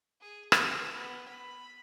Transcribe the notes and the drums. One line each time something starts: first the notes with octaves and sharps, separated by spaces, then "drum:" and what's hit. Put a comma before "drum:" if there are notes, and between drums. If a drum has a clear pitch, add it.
G#4
B4, drum: rim click
B3
B5